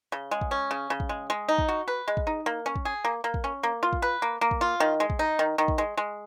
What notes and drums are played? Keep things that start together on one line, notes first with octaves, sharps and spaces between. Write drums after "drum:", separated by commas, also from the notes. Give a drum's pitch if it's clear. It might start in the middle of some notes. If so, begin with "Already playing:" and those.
C#3
G#3
drum: kick
C#4
C#3
C#3
drum: kick
G#3
G#3
D#4
drum: kick
F#4
B4
G#3
drum: kick
D#4
A#3
C#4
drum: kick
G#4
A#3
A#3
drum: kick
C#4
A#3
F4
drum: kick
B4
A#3
A#3
drum: kick
F4
D#3
G#3
drum: kick
D#4
D#3
D#3
drum: kick
G#3
G#3